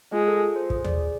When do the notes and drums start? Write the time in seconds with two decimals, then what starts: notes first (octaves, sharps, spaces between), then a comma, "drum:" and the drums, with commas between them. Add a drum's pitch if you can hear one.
0.13 G#3 F4
0.28 A4
0.42 F4
0.56 C5
0.70 G#4, drum: kick
0.84 D5, drum: tom D#2
0.99 G#4